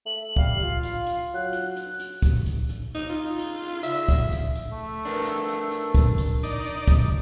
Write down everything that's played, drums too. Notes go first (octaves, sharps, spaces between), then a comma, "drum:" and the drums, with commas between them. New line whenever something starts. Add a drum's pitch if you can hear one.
A3 F#7
G3 F5, drum: kick
F4
drum: hi-hat
drum: hi-hat
F#3 F#6
drum: hi-hat
drum: hi-hat
drum: hi-hat
drum: kick, hi-hat
drum: hi-hat
drum: hi-hat
D#4, drum: hi-hat
D#4 F4
drum: hi-hat
drum: hi-hat
C#3 E5, drum: hi-hat
drum: kick, hi-hat
drum: hi-hat
drum: hi-hat
A3
D4 A#4 B4
drum: hi-hat
drum: hi-hat
drum: hi-hat
drum: kick, hi-hat
drum: hi-hat
D#4 D5, drum: hi-hat
drum: hi-hat
drum: kick, hi-hat